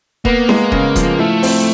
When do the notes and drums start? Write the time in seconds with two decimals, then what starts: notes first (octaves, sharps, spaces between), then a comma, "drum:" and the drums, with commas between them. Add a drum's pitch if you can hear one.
0.25 A#3 B3, drum: kick E1
0.49 G#3, drum: snare E4
0.72 C#3, drum: kick E1
0.96 F3, drum: kick E1, hi-hat
1.19 A3 E4
1.43 C4, drum: open hi-hat